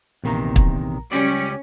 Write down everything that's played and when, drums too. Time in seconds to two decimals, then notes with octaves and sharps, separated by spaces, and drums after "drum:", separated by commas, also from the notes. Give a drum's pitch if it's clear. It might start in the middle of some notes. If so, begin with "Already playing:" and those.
0.24 A#1 E2 C3 D#3 A#3 A#5
0.56 drum: kick
1.12 C#2 F#3 G3 C#4 G4 D5